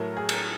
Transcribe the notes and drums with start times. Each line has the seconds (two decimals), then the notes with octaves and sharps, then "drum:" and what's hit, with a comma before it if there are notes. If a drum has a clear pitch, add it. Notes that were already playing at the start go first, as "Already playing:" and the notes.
Already playing: A2 F#3 A3 A#4
0.17 G#4
0.29 drum: cymbal